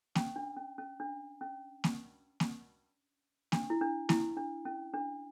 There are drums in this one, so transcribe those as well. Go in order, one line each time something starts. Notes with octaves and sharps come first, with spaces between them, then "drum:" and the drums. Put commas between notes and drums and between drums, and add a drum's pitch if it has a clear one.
C#4, drum: snare A#3
D4
C#4
C#4
D4
C#4
drum: snare A#3
drum: snare A#3
D4, drum: snare A#3
E4
D4
E4, drum: snare A#3
D4
C#4
D4